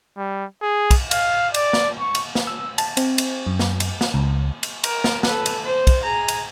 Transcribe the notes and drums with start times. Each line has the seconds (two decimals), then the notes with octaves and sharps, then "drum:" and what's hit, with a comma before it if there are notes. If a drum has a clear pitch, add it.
0.17 G3
0.62 G#4
0.91 drum: kick, cymbal
1.11 F5, drum: cymbal
1.54 D5, drum: cymbal
1.73 drum: snare
2.00 C#6
2.15 drum: cymbal
2.35 drum: snare
2.47 E6
2.78 A5, drum: cymbal
2.97 C4, drum: cymbal
3.18 drum: cymbal
3.47 F#2
3.59 drum: snare
3.80 drum: cymbal
4.01 drum: snare
4.14 C#2
4.63 drum: cymbal
4.84 A#4, drum: cymbal
5.04 drum: snare
5.23 A4 B4, drum: snare
5.46 drum: cymbal
5.63 C5
5.87 drum: kick, cymbal
6.03 G#4 A#5
6.28 drum: cymbal